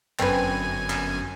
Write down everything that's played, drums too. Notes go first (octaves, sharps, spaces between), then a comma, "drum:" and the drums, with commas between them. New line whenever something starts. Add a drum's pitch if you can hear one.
G1 F#2 C4 B4 G#5, drum: clap
drum: clap